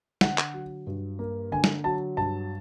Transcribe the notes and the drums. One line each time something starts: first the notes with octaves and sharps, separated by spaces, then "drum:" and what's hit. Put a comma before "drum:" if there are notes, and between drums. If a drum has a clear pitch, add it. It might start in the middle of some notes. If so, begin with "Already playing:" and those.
D3 F#5, drum: snare
drum: clap
F#3
G2
A#3
D3 G#5
drum: snare
F#3 A5
G2 A5